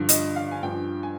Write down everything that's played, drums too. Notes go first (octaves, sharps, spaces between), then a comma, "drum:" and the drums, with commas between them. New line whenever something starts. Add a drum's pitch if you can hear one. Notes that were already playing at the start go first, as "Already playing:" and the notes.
Already playing: G2 D3 F3
D#5, drum: hi-hat
F5
G#5
G2 F3 G5
G#5